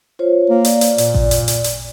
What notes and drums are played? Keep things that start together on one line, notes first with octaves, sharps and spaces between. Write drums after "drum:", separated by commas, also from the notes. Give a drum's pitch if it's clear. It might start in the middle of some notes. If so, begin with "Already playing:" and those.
F4 C5 C#5
A#3
D5, drum: hi-hat
drum: hi-hat
A#2, drum: hi-hat
drum: kick A1
drum: hi-hat
drum: hi-hat
drum: hi-hat